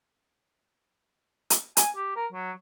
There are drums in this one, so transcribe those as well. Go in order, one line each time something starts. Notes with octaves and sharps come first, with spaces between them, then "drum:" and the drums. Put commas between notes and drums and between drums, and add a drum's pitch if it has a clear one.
drum: hi-hat
G#5, drum: hi-hat
G4
A#4
F#3